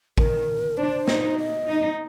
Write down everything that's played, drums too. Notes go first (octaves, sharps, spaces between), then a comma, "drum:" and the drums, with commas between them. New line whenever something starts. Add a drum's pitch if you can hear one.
D#3 A#4, drum: kick A1
D4 C5
D#4, drum: snare
D#5
D#4